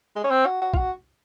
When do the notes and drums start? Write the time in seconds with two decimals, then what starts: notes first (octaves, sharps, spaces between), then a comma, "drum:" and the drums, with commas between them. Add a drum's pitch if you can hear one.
0.16 G#3
0.24 C#4
0.31 C4
0.46 F#4
0.62 F#4
0.74 F4, drum: kick
0.77 F#4